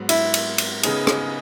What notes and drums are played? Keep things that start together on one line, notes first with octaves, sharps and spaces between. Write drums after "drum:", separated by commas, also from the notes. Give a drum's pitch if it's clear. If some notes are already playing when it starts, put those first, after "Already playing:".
Already playing: G#2 F#3 B3
E4, drum: cymbal
drum: cymbal
drum: cymbal
C#3 G#3 B3 D#4 G#4, drum: cymbal
drum: rim click